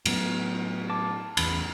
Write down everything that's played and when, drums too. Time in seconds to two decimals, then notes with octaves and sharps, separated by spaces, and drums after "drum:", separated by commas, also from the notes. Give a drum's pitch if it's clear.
0.06 A2 F#3 B3, drum: cymbal
0.90 A5 D6
1.37 A1 E2 B5, drum: cymbal